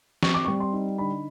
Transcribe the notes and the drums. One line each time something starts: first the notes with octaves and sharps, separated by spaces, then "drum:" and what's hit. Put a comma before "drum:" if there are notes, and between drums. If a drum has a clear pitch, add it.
C4 C#6, drum: snare
D6
C#6
G3
C6
D#4
D3 B5